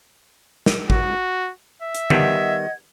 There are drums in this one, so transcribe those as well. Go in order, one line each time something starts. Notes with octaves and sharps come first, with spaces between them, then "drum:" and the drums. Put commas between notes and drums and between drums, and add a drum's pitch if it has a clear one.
drum: snare
F#4, drum: kick G#1
E5
drum: hi-hat
D#3 G3 B3 D#5 F#5 G#6, drum: tom D3